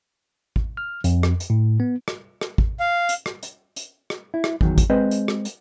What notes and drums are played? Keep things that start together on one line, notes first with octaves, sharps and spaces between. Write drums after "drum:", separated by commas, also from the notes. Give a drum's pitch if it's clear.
drum: kick
F6
F2, drum: hi-hat
drum: rim click
drum: hi-hat
A2
B3
drum: rim click
drum: rim click
drum: kick
F5
drum: hi-hat
drum: rim click
drum: hi-hat
drum: hi-hat
drum: rim click
E4
drum: rim click
E2 D#3 F#3, drum: kick
drum: kick, hi-hat
G#3 C4 B4 C5 D#5
drum: hi-hat
drum: rim click
drum: hi-hat